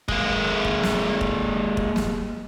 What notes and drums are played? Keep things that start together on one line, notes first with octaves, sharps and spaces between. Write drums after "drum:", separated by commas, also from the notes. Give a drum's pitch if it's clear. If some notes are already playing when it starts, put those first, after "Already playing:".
G#3 A#3, drum: kick
drum: kick
drum: snare
drum: kick
drum: kick
drum: snare